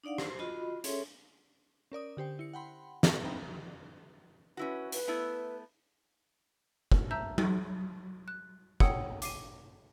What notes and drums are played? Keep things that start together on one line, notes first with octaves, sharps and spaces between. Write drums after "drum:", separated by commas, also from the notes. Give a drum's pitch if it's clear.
D4 D#4 D5 F5 F#5
C5, drum: rim click
F4 F#4 D#5 B5
C#4 G#4 A4 C#5 E5 C6, drum: hi-hat
C#4 A#4 D5 D#6
D3 G4 C5 G5
E4 C#7
F#5 G5 B5 C6
B3 G#4 A4 F#5, drum: snare
C4 D#4 E5 G5 A#5 B5
C#4 E4 F#4 B4
B4, drum: hi-hat
A3 B3 E4
drum: kick
E5 A5 A#5 E6 G6
drum: tom F#3
F#6
C#5 F#5 G5 D#6 E6 C#7, drum: kick
D6 C7 D#7, drum: hi-hat